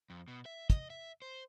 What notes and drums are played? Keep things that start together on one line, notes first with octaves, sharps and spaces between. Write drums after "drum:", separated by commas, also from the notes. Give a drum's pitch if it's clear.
F2
B2
E5
D#5, drum: kick, hi-hat
E5
C5